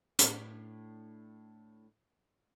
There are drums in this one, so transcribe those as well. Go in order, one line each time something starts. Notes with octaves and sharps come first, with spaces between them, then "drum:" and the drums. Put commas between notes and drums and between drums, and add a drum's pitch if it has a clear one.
A2 D4 B4, drum: hi-hat